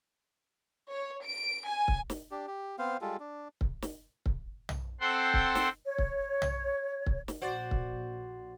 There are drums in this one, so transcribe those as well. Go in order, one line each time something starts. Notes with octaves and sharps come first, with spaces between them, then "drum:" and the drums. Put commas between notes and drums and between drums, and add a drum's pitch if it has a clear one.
C#5
D7
G#5
drum: kick C#1
drum: snare
D4 G4
G4
B3 C4 C5 F5
G3 G#3 F4 A4
D4
drum: kick C#1
drum: snare
drum: kick C#1
drum: tom
C4 A4 C5 F#5 G5 C6
drum: kick C#1
drum: snare
C#5
drum: kick C#1
drum: tom
drum: kick C#1
drum: snare
A#1 F#4 C5 D5 F#5 A6
drum: kick C#1